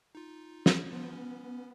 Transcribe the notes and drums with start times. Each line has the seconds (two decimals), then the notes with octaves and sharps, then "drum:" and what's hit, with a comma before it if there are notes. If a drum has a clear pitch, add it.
0.15 D#4 F4
0.66 drum: snare
0.93 F3 B3 F4
1.13 C#4